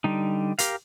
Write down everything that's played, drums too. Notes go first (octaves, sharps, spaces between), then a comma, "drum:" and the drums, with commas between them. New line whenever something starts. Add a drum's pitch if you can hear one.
D3 G3 D#4
G4 A#4 F5, drum: hi-hat